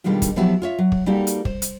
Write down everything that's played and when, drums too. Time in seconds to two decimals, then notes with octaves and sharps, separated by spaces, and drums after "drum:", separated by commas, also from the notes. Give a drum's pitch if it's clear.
0.04 B2 D#3 G3 G#3 D4 F4
0.22 drum: kick, hi-hat
0.36 F3 F#3 B3 E4 F#4 G4
0.62 F4 C#5 E5
0.78 F#3
0.92 drum: kick
1.06 G3 A#3 D#4 F#4 G4 A4
1.27 drum: hi-hat
1.45 C5, drum: kick
1.62 drum: hi-hat